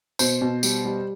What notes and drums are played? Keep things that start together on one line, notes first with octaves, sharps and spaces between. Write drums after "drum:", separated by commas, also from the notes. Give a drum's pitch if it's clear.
B2 C5, drum: tambourine
B2
G3, drum: tambourine
G3